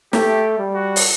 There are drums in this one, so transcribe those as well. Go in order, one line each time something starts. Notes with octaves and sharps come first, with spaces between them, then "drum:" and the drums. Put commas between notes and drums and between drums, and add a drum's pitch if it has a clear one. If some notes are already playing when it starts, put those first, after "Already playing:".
A3 G4, drum: snare
G3
F#4
drum: open hi-hat